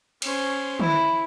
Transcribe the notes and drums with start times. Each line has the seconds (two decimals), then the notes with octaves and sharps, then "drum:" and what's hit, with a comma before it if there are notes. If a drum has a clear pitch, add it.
0.22 C#4 C5, drum: cymbal
0.80 E4, drum: tom